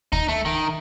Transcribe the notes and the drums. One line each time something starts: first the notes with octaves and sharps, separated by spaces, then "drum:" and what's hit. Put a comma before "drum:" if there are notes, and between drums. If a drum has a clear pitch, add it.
D#4, drum: kick
A3
D#3